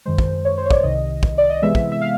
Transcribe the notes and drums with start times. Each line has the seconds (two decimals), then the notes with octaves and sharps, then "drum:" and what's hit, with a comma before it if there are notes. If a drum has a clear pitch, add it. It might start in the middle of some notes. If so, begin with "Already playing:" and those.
0.05 F#2 D#3 G#3 C5
0.18 drum: kick
0.45 C#5
0.58 C5
0.66 C#5
0.71 D5, drum: kick
0.83 C2 C3 D#3 D#5
1.23 drum: kick
1.38 D5
1.50 D#5
1.62 C3 E3 G#3 B3 E5
1.75 drum: kick
1.92 E5
2.01 F5